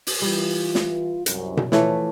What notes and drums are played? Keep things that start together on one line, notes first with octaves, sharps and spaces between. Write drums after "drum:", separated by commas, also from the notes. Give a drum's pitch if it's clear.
drum: open hi-hat
E3 G3 F4
drum: snare
C2 F#2, drum: hi-hat
drum: tom B2
E3 F3 A3 C#5, drum: snare